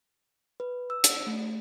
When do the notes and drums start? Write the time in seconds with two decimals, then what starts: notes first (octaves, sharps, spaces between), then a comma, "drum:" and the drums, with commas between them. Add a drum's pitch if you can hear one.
0.60 B4
0.90 E6
1.04 drum: hi-hat
1.27 A3